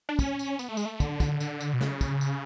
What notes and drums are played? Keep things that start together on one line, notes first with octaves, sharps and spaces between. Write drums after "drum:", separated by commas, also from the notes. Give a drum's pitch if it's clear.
D4
C#4, drum: kick, tambourine
drum: tambourine
B3, drum: tambourine
A3
G#3, drum: tambourine
A3
D3, drum: kick, tambourine
drum: kick, tambourine
D3, drum: tambourine
drum: tambourine
B2
C#3, drum: snare
drum: kick, tambourine
drum: tambourine